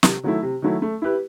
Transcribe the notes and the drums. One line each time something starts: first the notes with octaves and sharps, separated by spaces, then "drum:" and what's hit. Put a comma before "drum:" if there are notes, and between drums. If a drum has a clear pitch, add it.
C3, drum: snare
D#3 F#3 A3 E4
C3
D#3 F#3 A3 E4
A3
E4 G4 B4